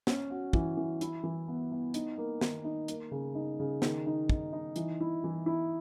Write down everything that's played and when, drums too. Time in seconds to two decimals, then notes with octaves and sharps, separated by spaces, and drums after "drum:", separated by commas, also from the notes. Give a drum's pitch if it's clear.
0.07 C#4, drum: snare
0.30 F#4
0.53 E3, drum: kick
0.77 E3
1.01 E4, drum: hi-hat
1.24 E3
1.48 B3
1.72 B3
1.94 D#4, drum: hi-hat
2.18 A#3
2.41 D#3, drum: snare
2.64 D#4
2.88 A#3, drum: hi-hat
3.11 C#3
3.35 D#4
3.60 C#3
3.82 D#3, drum: snare
4.06 D#4
4.30 D#4, drum: kick
4.53 D#4
4.76 E3, drum: hi-hat
5.00 E4
5.24 E3
5.46 E4